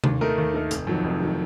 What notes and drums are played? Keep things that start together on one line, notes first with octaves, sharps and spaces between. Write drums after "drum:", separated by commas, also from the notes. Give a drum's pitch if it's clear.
D#2, drum: tom C3
D#3 A3 D#4 A#4
D#2
D#3 A3 D#4 A#4
F1, drum: hi-hat
F2 D#3 F#3
F1
D#3 F#3